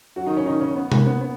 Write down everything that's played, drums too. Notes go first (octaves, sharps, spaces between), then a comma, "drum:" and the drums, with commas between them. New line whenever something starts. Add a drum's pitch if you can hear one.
F#3 F#4
D#3 D#4
C#3 C#4
D#3 D#4
C#3 C#4
B3
A#3, drum: tom C3
B3
B3